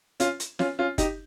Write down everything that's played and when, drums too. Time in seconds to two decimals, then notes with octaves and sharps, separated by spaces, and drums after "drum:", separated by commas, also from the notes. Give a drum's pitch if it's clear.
0.20 C#4 F4, drum: hi-hat
0.40 drum: hi-hat
0.59 C#4 F4, drum: snare
0.79 C#4 F4
0.98 D#4 G4, drum: kick F#1, hi-hat